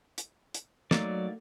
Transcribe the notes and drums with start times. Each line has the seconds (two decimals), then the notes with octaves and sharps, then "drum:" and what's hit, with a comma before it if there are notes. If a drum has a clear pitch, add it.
0.18 drum: hi-hat
0.54 drum: hi-hat
0.91 F#3 A3 A#3 D#4 D5, drum: snare